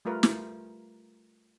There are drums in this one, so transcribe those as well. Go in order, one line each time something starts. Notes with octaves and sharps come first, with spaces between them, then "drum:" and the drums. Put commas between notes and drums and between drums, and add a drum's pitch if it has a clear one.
G3 A3 F4 A#4 B4
drum: snare